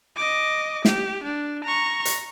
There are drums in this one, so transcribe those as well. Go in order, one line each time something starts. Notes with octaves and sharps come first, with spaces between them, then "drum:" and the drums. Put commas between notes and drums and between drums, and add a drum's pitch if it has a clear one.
D#5 D6
G4, drum: snare
D4
A#5 C#6
drum: hi-hat